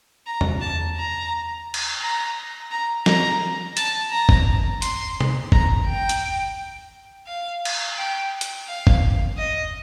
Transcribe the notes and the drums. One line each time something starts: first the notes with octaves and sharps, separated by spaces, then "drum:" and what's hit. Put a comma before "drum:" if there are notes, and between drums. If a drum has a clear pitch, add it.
A#5
drum: tom E2
A5
A#5
drum: cymbal
A#5
A#5
A#5, drum: snare
A5, drum: hi-hat
A#5
drum: kick
C6, drum: hi-hat
drum: tom C3
A#5, drum: kick
G5
drum: hi-hat
F5
drum: cymbal
G5
drum: hi-hat
F5
drum: kick
D#5